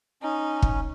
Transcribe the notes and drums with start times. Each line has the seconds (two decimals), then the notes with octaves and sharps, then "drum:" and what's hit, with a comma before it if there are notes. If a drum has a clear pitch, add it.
0.23 C#4 D#4
0.62 drum: kick